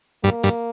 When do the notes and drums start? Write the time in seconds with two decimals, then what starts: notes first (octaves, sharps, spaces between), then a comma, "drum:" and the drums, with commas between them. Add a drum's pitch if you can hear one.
0.24 G2 A#3
0.43 G2, drum: hi-hat